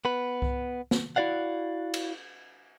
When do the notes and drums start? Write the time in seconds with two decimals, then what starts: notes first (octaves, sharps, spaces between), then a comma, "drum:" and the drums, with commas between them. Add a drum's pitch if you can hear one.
0.05 B3 B4
0.42 drum: kick C2
0.91 drum: snare
1.16 E4 F#4 D5 F5 F#5
1.94 drum: cymbal